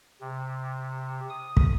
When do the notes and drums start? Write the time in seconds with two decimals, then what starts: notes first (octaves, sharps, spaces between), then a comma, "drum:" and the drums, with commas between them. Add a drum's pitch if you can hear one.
0.21 C3
1.30 D#6
1.57 drum: kick